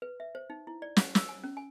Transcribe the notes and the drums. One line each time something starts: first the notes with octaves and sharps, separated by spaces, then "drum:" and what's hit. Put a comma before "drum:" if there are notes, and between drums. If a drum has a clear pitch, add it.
B4
E5
C5
D#4
E4
D5
F#5, drum: snare
E6, drum: snare
G#5
C#4
G#5